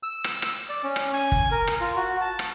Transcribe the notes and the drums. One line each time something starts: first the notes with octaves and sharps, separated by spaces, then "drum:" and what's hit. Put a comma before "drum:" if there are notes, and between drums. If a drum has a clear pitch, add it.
E6
drum: rim click
drum: rim click
D5
C#4
drum: rim click
G#5
drum: kick
A#4
drum: rim click
F4
F#4
A5
drum: rim click